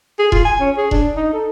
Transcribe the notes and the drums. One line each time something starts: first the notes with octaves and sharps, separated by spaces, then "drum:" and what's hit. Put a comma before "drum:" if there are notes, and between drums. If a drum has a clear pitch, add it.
G#4
F4, drum: kick E1
G#5
C#4
G#4
D4, drum: kick E1
D#4
A4